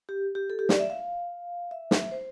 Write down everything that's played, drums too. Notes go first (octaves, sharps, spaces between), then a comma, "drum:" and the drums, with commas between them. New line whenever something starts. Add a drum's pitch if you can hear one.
G4
G4
A4
G4
D5, drum: snare
E5
F5
E5
drum: snare
C5